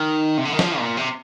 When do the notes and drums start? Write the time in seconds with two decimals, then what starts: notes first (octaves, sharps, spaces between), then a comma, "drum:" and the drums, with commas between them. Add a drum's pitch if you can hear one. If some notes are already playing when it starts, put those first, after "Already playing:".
Already playing: D#3
0.38 C3
0.45 D3
0.52 D#3
0.59 F3, drum: snare
0.79 A#2
0.97 C3